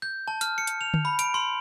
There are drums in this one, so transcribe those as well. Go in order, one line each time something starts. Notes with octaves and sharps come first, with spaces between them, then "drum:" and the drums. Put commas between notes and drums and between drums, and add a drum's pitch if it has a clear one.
G6
A5
F6, drum: hi-hat
C#7
drum: hi-hat
F7
drum: tom D3
B5
D7, drum: hi-hat
C6